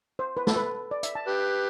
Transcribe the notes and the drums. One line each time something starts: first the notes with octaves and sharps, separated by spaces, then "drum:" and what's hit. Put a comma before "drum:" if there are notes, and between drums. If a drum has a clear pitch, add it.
C5
B4
A4, drum: snare
B4
D5
E5, drum: hi-hat
A5
G4 B4